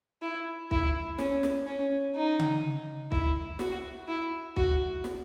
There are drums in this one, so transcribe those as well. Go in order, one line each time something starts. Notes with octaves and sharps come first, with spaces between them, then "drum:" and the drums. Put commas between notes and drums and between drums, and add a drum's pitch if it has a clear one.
E4
E4, drum: kick
C#4, drum: snare
drum: snare
C#4
D#4
drum: tom C#3
E4, drum: kick
F#4, drum: snare
E4
F#4, drum: kick
drum: snare